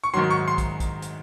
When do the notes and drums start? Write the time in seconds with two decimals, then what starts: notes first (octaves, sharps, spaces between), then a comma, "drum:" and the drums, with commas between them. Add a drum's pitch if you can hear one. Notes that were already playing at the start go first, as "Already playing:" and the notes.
0.04 C#6
0.14 G#2 D#3 F#3 C6
0.30 C#6
0.48 C6
0.58 drum: kick, hi-hat
0.80 drum: kick, hi-hat
1.02 drum: hi-hat